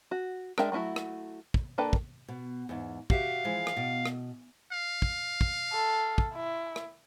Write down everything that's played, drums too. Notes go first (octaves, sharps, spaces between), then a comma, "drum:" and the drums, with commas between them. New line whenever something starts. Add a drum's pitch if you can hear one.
F#4
G#3 D4 A#4 E5 G5, drum: rim click
F#3 A3 D#4 E4 F#4
drum: rim click
drum: kick
A#3 D4 A4 B4 G5
drum: kick
B2
E2 G#2
F#4 G4 E5 F5, drum: kick
E3 F3 G#3
drum: rim click
B2
drum: rim click
F5
drum: kick
drum: kick
A4
drum: kick
E4
drum: rim click